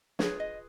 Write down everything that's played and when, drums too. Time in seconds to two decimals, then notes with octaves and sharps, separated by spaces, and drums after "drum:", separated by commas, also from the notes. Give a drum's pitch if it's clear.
0.19 F4 G#4 B4 C#5, drum: snare
0.40 D#5